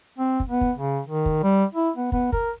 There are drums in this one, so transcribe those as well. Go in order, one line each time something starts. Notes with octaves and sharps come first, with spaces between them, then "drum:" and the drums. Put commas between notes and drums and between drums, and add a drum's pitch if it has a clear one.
C4
drum: kick
B3
drum: kick
C#3
D#3
drum: kick
G3
E4
B3
B3, drum: kick
A#4, drum: kick